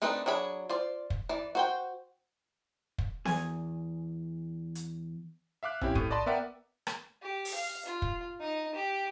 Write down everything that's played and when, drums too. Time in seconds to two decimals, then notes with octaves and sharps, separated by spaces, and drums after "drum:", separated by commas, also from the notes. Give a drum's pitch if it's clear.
0.02 A3 C4 D4 D#4 B4
0.26 F#3 D4 G#4 B5
0.69 F4 C5 D5
1.10 drum: kick
1.29 E3 D5
1.55 F#4 C5 G5
2.98 drum: kick
3.25 E2 G#5, drum: snare B3
4.75 drum: hi-hat
5.63 E5 F5 D6 F#6
5.81 C4 C#4 E4 G4, drum: tom A#1
5.95 A2 D#7, drum: kick
6.11 D5 D#5 A5 B5 C6 D6
6.26 B3 A#4 D5 E5 F#5 G5
6.87 drum: rim click
7.23 G4
7.45 drum: open hi-hat
7.54 F5
7.85 F4
8.02 drum: kick
8.40 D#4 D#5
8.75 G4